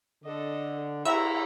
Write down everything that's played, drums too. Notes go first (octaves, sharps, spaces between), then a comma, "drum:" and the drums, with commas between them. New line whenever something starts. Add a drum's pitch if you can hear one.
D3 A4 D#5
E4 E5 A#5 E6, drum: cymbal